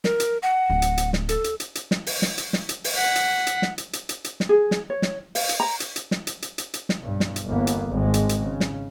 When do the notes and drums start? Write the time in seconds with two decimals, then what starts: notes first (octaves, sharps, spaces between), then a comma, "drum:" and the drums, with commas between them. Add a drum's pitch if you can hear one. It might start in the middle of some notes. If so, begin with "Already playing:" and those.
0.04 A#4, drum: snare
0.20 drum: hi-hat
0.43 F#5
0.70 D1
0.82 drum: hi-hat
0.98 drum: hi-hat
1.13 drum: snare
1.29 A4, drum: hi-hat
1.44 drum: hi-hat
1.60 drum: hi-hat
1.75 drum: hi-hat
1.91 drum: snare
2.06 drum: open hi-hat
2.22 drum: snare
2.38 drum: hi-hat
2.53 drum: snare
2.69 drum: hi-hat
2.84 drum: open hi-hat
2.97 F#5 B6
3.15 drum: hi-hat
3.47 drum: hi-hat
3.62 drum: snare
3.78 drum: hi-hat
3.93 drum: hi-hat
4.09 drum: hi-hat
4.24 drum: hi-hat
4.40 drum: snare
4.49 G#4
4.71 drum: snare
4.90 C#5
5.02 drum: snare
5.35 F5, drum: open hi-hat
5.49 drum: hi-hat
5.60 A#5
5.80 drum: hi-hat
5.96 drum: hi-hat
6.11 drum: snare
6.27 drum: hi-hat
6.42 drum: hi-hat
6.58 drum: hi-hat
6.74 drum: hi-hat
6.89 drum: snare
6.98 B1 G2
7.20 drum: snare
7.36 drum: hi-hat
7.46 G1 E2 A#3 B3
7.67 drum: hi-hat
7.89 G#1 G#2 G#3
8.14 drum: hi-hat
8.29 drum: hi-hat
8.40 C#3
8.60 drum: snare